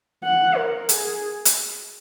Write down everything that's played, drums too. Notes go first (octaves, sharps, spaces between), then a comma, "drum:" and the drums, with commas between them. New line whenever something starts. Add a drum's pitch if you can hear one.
F#5
A#4
G#4, drum: hi-hat
drum: hi-hat